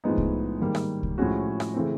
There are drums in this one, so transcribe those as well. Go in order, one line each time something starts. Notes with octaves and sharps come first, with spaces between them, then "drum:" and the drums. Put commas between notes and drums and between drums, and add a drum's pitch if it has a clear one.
A2 F3 G#3 B3 D#4
drum: kick C2
G#2 D#3 G3 A#3
drum: rim click
drum: kick C2
A2 F3 G#3 C#4 F#4
drum: rim click
C#3 E3 A3 C4